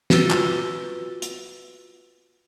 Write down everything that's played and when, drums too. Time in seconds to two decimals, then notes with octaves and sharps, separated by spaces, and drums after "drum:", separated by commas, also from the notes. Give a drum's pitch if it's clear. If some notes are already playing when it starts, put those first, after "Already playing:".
0.10 F4 F#4 B4 E6 A6 G7, drum: snare
0.31 drum: clap
1.22 drum: hi-hat